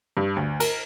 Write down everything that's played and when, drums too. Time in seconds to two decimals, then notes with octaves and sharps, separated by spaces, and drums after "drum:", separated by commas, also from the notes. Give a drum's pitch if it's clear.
0.17 G2
0.36 D2
0.60 A#4, drum: cymbal